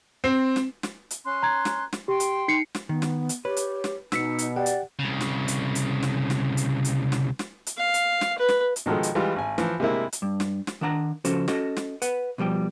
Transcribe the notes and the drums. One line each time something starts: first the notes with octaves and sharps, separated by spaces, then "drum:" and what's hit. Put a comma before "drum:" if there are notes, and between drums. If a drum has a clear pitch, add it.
C4
drum: snare
drum: snare
drum: hi-hat
C#4 C6 F#6
A#5 G#6
drum: snare
drum: snare
G4 G5 C6
drum: hi-hat
D#4 C7 C#7
drum: snare
D#3 B3
drum: snare
drum: hi-hat
G4 B4 C#5
drum: hi-hat
drum: snare
B2 D#4 E6 B6 C#7, drum: snare
drum: hi-hat
G4 D5 F#5 G5
drum: hi-hat
C2 C#3
drum: snare
drum: hi-hat
drum: hi-hat
drum: snare
drum: snare
drum: hi-hat
drum: hi-hat
drum: snare
drum: snare
drum: hi-hat
F5
drum: hi-hat
drum: snare
B4
drum: snare
drum: hi-hat
B2 D#3 F3 G#3 A4
drum: hi-hat
E3 G3 G#3 F4
G#1 G#5
E3 F3, drum: snare
C3 G#3 A#3 E4
drum: hi-hat
G2
drum: snare
drum: snare
D#3 D4 F#5 A#5
C#3 F3 C#4 F#4 A4 C5, drum: hi-hat
C#4 F#4 A4 D#5, drum: snare
drum: snare
B4 F#5, drum: hi-hat
B2 F3 G3 G5